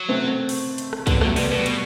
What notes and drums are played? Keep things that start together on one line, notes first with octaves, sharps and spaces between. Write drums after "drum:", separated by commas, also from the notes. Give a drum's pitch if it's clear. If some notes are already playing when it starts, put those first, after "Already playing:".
Already playing: F#3
A3 C4
drum: open hi-hat
drum: hi-hat
drum: rim click
D3 G3 B3, drum: kick, hi-hat
D3 F#3 A3, drum: rim click
C3 G3 B3, drum: open hi-hat
B2 G3 B3
drum: hi-hat